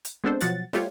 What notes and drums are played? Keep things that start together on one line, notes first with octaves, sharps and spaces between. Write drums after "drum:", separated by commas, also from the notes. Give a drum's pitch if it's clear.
drum: hi-hat
G#3 B3 C4 D4 A4 C5
B2 F3 F#3 F#5 A6, drum: hi-hat
G3 A3 F4 G4 C#5, drum: snare